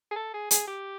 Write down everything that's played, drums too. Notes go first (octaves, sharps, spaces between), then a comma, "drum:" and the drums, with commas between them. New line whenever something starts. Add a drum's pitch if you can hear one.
G#4
A4
G#4
G#4, drum: hi-hat
G4